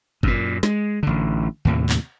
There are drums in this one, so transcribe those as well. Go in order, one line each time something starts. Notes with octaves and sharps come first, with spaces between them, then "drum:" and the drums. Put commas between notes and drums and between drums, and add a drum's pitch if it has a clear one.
F#2 A#2, drum: kick G1
G#3, drum: snare
A1 D3
D#2 A2 C3
drum: clap